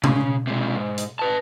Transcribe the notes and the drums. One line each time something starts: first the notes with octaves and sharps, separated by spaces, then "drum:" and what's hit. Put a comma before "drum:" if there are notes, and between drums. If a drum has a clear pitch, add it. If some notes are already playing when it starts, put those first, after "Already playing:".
C#3, drum: tom B2
C3 G#3
G#2
drum: hi-hat
B4 A5